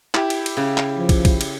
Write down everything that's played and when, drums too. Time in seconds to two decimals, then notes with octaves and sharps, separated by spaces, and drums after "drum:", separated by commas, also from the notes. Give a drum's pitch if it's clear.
0.14 E4 G4 G5, drum: clap
0.30 drum: cymbal
0.46 drum: cymbal
0.57 C#3
0.78 drum: clap
0.98 F3
1.09 drum: kick, cymbal
1.25 drum: kick, cymbal
1.41 drum: cymbal